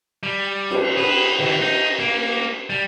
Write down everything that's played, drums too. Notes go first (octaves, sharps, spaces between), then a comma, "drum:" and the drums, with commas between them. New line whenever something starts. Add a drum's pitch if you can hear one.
G3
drum: cymbal
B4
D#3 E3
D#4
A#3
G3